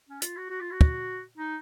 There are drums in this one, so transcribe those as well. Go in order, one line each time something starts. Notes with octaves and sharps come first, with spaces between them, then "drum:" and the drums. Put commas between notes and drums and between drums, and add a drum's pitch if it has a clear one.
C#4
F4, drum: hi-hat
F#4
F#4
F4
F#4
drum: kick
D#4